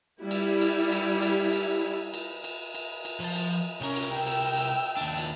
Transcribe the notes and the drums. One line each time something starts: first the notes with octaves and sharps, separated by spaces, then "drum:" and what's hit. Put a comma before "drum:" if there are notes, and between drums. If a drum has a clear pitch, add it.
G3 E4
drum: cymbal
drum: cymbal
drum: cymbal
drum: cymbal
drum: cymbal
drum: cymbal
drum: cymbal
drum: cymbal
drum: cymbal
F3 A5
drum: cymbal
C2 C#4 A#4
drum: cymbal
G5 E6
drum: cymbal
drum: cymbal
D#2 D4
drum: cymbal